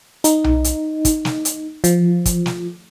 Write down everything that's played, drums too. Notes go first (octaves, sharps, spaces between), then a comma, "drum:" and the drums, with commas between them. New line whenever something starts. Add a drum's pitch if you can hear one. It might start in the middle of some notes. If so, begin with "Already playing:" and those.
D#4, drum: hi-hat
drum: tom B1
drum: hi-hat
drum: kick, hi-hat
drum: snare
drum: hi-hat
F3, drum: hi-hat
drum: kick, hi-hat
drum: snare